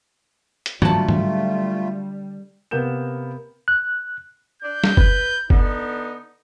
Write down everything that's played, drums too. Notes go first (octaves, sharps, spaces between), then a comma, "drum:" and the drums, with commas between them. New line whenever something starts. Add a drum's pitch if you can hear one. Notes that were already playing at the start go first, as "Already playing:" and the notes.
drum: hi-hat
D3 F#3 G3 A3 F4 A5, drum: tom
drum: tom
C3 A#3 B3 A#4 G6 E7
F#6
D4 G6
drum: snare
B4, drum: kick
D3 B3 D#4, drum: kick